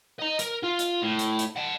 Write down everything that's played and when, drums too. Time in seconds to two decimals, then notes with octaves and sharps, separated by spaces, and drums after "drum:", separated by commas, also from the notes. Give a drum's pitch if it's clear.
0.19 D#5 A#5
0.39 A#4, drum: hi-hat
0.63 F4
0.79 drum: hi-hat
1.02 A2
1.19 drum: hi-hat
1.39 drum: hi-hat
1.56 F#5 A5